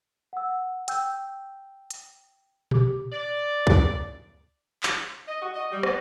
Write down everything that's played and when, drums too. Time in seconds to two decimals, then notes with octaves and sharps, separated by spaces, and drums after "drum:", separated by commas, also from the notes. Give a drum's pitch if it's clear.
0.33 F#5 E6
0.88 G5 E6 G6, drum: hi-hat
1.91 drum: hi-hat
2.71 G4 D6, drum: tom A#2
3.11 D5
3.67 drum: kick
4.83 drum: clap
5.28 D#5
5.41 F#4
5.54 D#5
5.71 G3
5.83 B3, drum: rim click